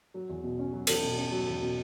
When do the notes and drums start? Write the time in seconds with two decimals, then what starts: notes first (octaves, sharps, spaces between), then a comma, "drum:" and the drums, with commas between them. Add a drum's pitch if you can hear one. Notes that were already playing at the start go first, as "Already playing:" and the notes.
0.14 F#3
0.29 E2
0.43 B2
0.59 C#4
0.73 F#3
0.87 E2, drum: cymbal
1.02 B2
1.17 C#4
1.32 F#3
1.47 E2
1.61 B2